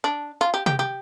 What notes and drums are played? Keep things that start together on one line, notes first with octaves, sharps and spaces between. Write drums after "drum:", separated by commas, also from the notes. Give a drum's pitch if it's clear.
D4
F4
G4
G4, drum: tom C3
G4